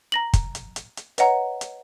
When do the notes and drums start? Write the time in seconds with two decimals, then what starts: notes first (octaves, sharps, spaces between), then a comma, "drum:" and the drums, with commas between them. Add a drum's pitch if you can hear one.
0.12 A#5 A#6 F#7
0.33 drum: kick, hi-hat
0.55 drum: hi-hat
0.76 drum: hi-hat
0.97 drum: hi-hat
1.18 B4 C#5 D#5 F#5 A#5, drum: hi-hat
1.61 drum: hi-hat